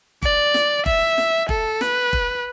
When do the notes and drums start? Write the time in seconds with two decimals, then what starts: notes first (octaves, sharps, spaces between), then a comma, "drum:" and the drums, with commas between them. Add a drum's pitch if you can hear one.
0.22 D5, drum: kick
0.54 drum: snare
0.86 E5, drum: kick
1.18 drum: snare
1.49 A4, drum: kick
1.81 B4, drum: snare
2.13 drum: kick